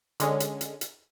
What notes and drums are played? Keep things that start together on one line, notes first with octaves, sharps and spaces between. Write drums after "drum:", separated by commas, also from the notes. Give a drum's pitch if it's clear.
D3 G#3 C#4, drum: hi-hat
drum: hi-hat
drum: hi-hat
drum: hi-hat